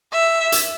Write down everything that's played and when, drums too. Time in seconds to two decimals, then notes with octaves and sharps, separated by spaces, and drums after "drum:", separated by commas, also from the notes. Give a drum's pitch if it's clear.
0.12 E5
0.52 drum: hi-hat